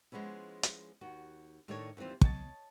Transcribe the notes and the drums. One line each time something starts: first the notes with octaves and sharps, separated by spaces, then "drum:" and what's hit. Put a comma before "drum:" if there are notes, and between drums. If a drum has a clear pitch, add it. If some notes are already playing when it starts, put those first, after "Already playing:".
F3 G#3 B3 C#4 E4
drum: hi-hat
D#2 F#4
A2 D#3 A3 D4 A4 C#5
D#2 E3 G3 C4 F4
C#5 D#5 G5 A5, drum: kick